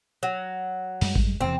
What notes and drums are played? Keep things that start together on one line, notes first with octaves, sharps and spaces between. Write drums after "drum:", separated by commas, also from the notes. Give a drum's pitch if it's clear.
F#3
F#2 G3 G#3, drum: open hi-hat
drum: kick G#1
E1 E2 C3 C4